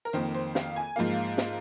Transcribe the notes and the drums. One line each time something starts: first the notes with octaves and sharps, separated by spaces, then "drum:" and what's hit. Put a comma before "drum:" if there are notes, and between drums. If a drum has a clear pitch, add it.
A#4
F2 D#3 A#3 C5
C5
F5, drum: snare
G#5
G#2 F3 A#3 F5
drum: snare